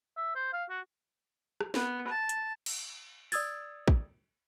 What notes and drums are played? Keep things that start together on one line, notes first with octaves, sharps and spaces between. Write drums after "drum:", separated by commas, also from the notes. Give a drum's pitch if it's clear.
E5
C5
F5
F#4
drum: rim click
B3, drum: snare
A5
drum: hi-hat
drum: cymbal
D5 D#6 E6 G#6 A6, drum: open hi-hat
drum: kick